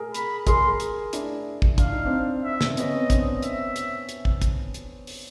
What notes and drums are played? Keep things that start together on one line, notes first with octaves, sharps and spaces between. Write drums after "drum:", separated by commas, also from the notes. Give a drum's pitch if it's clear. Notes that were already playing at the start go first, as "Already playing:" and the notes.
Already playing: G#4 A#4
B5, drum: hi-hat
G#4 A#4 C6, drum: kick, hi-hat
drum: hi-hat
D4 E4, drum: hi-hat
drum: kick
D4 F5, drum: kick, hi-hat
D#4
C4 D4
E5
drum: snare
B3 C#4 D#5, drum: hi-hat
C4
C4 D4, drum: kick, hi-hat
E5, drum: hi-hat
drum: hi-hat
drum: hi-hat
drum: kick
drum: kick, hi-hat
drum: hi-hat
drum: open hi-hat